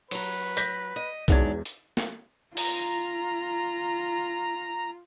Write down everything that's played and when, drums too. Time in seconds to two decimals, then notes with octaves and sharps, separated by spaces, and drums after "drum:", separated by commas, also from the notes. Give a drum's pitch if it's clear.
0.11 F#3 B4 A#5, drum: cymbal
0.57 G6 A#6 B6, drum: hi-hat
0.96 D#5
1.28 E1 E2 G#2 F#3 D4 G#6, drum: kick
1.66 drum: hi-hat
1.97 drum: snare
2.57 F4 A#5, drum: open hi-hat